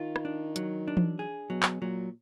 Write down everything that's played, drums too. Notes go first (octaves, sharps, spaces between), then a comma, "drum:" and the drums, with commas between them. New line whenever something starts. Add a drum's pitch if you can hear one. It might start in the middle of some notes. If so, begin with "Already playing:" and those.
Already playing: D#3 F4
drum: rim click
D4
F#3, drum: hi-hat
D4
drum: tom E3
G#4
B2 F#3
drum: clap
A#2 F#3